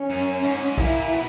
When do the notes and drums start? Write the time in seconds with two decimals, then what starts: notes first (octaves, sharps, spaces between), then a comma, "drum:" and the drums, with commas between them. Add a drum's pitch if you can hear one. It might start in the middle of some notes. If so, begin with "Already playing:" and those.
Already playing: C#4
0.10 F#2
0.44 G#2
0.78 A#2 E4, drum: kick
1.12 B2